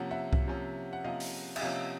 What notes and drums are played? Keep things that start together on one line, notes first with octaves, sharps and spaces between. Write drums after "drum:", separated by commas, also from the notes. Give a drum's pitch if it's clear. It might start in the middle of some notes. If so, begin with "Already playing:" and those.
Already playing: C3 F3 A#3 C#4 F#5
E5 F#5
drum: kick C2
C3 F3 A#3 C#4
F#5
C3 F3 A#3 C#4 D#5 F5
drum: open hi-hat
E5, drum: cymbal
C3 F3 A#3 C#4 D#5 F5